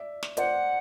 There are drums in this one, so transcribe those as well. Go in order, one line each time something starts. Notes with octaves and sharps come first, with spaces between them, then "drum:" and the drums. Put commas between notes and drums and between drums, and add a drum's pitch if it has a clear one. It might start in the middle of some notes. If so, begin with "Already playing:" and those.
Already playing: D5 E5
drum: snare
C5 D5 F#5, drum: hi-hat